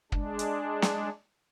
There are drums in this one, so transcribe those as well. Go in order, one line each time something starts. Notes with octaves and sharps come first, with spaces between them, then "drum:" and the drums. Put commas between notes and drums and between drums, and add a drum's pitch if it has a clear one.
G#3 D4, drum: kick
drum: hi-hat
drum: snare